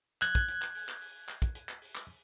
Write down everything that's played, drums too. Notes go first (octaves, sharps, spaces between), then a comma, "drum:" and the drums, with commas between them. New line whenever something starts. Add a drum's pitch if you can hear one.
F#6 G#6, drum: clap
drum: kick, hi-hat
drum: hi-hat
drum: clap
drum: open hi-hat
drum: clap
drum: open hi-hat
drum: clap
drum: kick, hi-hat
drum: hi-hat
drum: clap
drum: open hi-hat
drum: clap